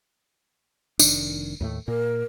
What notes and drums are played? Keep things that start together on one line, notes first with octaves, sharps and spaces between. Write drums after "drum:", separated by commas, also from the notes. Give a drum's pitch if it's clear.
F1 D#3 D4, drum: tambourine
D#2 A2 A3
A#2 A#4